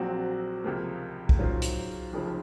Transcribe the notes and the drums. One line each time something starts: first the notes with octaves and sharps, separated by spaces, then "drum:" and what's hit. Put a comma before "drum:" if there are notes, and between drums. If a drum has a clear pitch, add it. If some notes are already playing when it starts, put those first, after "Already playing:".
Already playing: A#1 A#2 F#3 C4 F#4
C#2 C3 F3 A#3
drum: kick B1
G#2 F#3 C#4 F4 C5
drum: hi-hat
F1 F2 C#3 F3